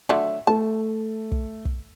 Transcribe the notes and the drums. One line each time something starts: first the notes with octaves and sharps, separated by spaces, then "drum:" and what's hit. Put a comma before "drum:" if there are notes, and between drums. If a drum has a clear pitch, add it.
D3 F#3 A3 E5
A3 A5
drum: kick
drum: kick